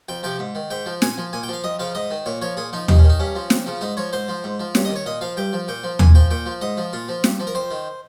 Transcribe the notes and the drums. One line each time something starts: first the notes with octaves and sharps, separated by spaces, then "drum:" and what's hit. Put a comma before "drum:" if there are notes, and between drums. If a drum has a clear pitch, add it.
F2 G5
C3 F3 G5
G#2
D#3
G#2 G5
F3
A#2 G#5, drum: snare
F3
A#2 G#5
G5
F3 F5
F2 D#5
C#3 F3 F5
G#2 D#5
D#3
A#2 C#5
F3 C#5
A#2 G#4
F3 D#4
G2 D#4, drum: tom D#2
C#4
D#3
D#4
G2 C#4
F3
F2, drum: snare
C#3 F3
G#2 D#4
F3 C#5
G#2 C5
F3
G#2
F3
G2 C#5, drum: snare
D#5
D#3
C#5
A#2 D#5
F3 F5
G2 G5
F3
A#2 G5
F3
A#2 G#5, drum: tom D#2
F3 G5
A#2 G5
F3
G#2 D#5
F3
A#2 F4
F3
G2, drum: snare
F3
A#4
F2 C5
D#3